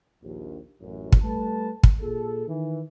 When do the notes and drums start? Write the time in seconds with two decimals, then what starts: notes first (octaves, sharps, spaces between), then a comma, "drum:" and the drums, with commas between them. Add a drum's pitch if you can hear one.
0.23 A#1 D#2
0.81 A1 F#2
1.12 drum: kick
1.23 G3 A3 B4 A5
1.83 drum: kick
2.01 A#2 G#4 A4
2.48 D#3 E3